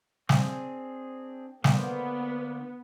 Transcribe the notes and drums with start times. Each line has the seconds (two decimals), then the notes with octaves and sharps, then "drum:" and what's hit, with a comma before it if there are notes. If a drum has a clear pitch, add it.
0.29 C4 D4 G#4, drum: snare
1.64 D3 A#3 B3 C5, drum: snare